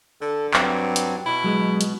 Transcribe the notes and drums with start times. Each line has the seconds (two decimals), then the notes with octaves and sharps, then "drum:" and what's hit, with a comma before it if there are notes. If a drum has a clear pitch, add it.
0.21 D3 A4
0.54 G2 F#3 C4, drum: clap
0.96 drum: hi-hat
1.26 B2 E4
1.44 F#3 G#3
1.81 drum: hi-hat